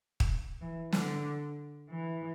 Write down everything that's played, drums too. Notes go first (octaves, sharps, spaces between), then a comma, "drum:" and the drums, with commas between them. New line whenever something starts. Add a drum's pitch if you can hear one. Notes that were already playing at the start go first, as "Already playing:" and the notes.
drum: kick
E3
D3, drum: snare
E3